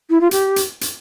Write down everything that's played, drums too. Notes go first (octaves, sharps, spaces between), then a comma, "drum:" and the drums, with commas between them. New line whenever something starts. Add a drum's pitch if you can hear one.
E4
F4
G4, drum: hi-hat
drum: hi-hat
drum: hi-hat